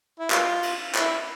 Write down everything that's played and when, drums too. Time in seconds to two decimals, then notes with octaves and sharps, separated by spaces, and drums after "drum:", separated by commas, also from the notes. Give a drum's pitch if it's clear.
0.19 E4
0.30 F4, drum: clap
0.63 drum: cymbal
0.95 E4, drum: clap